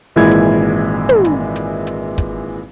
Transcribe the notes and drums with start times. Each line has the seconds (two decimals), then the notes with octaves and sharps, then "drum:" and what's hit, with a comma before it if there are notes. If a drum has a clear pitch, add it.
0.16 G#1 A#2 E3 G#3 E4 G#6
0.31 drum: hi-hat
1.09 drum: tom
1.25 drum: hi-hat
1.56 drum: hi-hat
1.87 drum: hi-hat
2.18 drum: kick, hi-hat